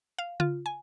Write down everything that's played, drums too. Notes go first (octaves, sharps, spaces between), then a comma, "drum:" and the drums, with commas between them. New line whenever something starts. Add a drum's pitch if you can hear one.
F5
F4, drum: tom C#3
G#5